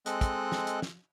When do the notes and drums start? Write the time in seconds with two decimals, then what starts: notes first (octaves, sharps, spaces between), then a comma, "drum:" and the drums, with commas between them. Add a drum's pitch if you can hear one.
0.06 G#3 C4 A4 D#5 F#6, drum: hi-hat
0.21 drum: kick, hi-hat
0.52 drum: snare
0.67 drum: hi-hat
0.82 drum: snare